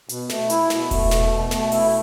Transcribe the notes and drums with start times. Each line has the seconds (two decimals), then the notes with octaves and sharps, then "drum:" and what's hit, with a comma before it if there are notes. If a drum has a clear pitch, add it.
0.09 B2, drum: hi-hat
0.29 A3, drum: snare
0.50 E4, drum: hi-hat
0.70 B2, drum: snare
0.91 A3, drum: kick E1, open hi-hat
1.11 B2, drum: snare
1.30 B2
1.51 A3, drum: snare
1.72 E4, drum: open hi-hat